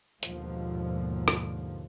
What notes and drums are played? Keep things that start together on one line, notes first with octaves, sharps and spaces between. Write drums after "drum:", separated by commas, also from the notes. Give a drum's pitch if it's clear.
D#2 G#2 B2 D3 F3, drum: hi-hat
drum: rim click